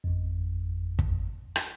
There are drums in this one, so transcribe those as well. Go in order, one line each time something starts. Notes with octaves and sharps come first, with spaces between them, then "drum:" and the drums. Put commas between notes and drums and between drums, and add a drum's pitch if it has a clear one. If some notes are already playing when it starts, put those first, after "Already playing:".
G#1 F2
drum: kick
drum: rim click